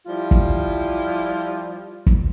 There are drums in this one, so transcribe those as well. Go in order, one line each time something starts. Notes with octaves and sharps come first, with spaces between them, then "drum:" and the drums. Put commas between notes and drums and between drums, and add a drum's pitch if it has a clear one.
F3 G3 E4 F4
drum: kick
drum: kick